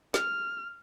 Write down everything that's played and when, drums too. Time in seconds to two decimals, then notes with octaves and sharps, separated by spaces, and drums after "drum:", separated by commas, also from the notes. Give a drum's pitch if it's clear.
0.14 F6, drum: snare